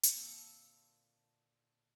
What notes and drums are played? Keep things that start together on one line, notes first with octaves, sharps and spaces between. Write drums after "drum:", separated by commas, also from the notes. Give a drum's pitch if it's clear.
drum: hi-hat
A#2 D3 C4 A5 E6